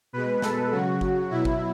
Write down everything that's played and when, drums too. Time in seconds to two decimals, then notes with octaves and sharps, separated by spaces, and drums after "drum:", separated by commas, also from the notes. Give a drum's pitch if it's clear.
0.13 B2 G#3 B4
0.42 A4, drum: snare
0.71 C#3 F#3 F#4
1.01 drum: kick G#1
1.31 B2 F#3 E4
1.45 drum: kick G#1